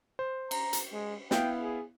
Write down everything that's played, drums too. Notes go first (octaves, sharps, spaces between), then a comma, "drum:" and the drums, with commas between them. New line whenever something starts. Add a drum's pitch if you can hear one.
C5
A#5, drum: cymbal
drum: hi-hat
G#3
B3 E4 F5 G5, drum: snare
G#4